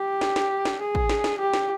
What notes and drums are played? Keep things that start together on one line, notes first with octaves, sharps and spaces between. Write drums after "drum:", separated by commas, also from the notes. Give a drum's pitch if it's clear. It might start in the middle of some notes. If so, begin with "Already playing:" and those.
Already playing: G4
drum: snare
drum: snare
drum: snare
G#4
drum: kick
drum: snare
drum: snare
G4
drum: snare